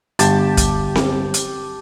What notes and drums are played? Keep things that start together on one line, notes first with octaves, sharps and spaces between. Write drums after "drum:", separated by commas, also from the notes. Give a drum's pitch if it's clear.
G1 G4 A5, drum: hi-hat
drum: kick, hi-hat
drum: snare C4
drum: hi-hat